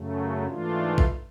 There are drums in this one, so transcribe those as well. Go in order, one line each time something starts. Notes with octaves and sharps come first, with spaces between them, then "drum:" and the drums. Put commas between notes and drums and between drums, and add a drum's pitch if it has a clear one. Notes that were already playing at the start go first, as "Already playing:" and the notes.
Already playing: F#2 C#3 F#3 A3
G#2 E3 A3 D4 F4
drum: kick A1